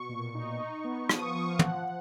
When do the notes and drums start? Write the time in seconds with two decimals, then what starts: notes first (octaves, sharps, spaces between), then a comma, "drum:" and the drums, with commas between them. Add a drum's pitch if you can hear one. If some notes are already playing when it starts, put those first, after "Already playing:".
Already playing: B2 C#6
0.09 A#2
0.35 D#4
0.59 D#4
0.84 B3
1.09 F3 D#6, drum: rim click
1.22 C#6
1.35 F3 C#6
1.47 F5
1.59 F3 F#5, drum: tom
1.85 F3